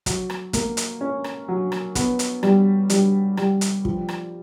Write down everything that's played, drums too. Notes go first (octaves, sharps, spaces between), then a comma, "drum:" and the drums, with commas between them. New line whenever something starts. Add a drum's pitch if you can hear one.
F#3, drum: kick, hi-hat
drum: rim click
A#3, drum: kick, hi-hat
drum: hi-hat
C#4
drum: rim click
F#3
drum: rim click
B3, drum: kick, hi-hat
drum: hi-hat
G3, drum: rim click
G3, drum: hi-hat
G3, drum: rim click
drum: hi-hat
F3, drum: kick
drum: rim click